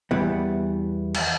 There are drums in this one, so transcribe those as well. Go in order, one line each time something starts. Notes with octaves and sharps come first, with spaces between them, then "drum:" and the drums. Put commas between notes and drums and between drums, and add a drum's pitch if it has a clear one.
E2 E3 G3 B3
drum: cymbal